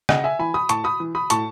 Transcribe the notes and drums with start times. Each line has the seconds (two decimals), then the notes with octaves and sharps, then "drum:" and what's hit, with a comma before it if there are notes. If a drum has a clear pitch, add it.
0.09 C#3 D#5 F#5, drum: rim click
0.24 E5 G#5
0.39 E3 G#5 B5
0.54 B5 D#6
0.69 A2 A5 C#6, drum: hi-hat
0.84 B5 D#6
1.00 E3
1.15 B5 D#6
1.30 A2 A5 C#6, drum: hi-hat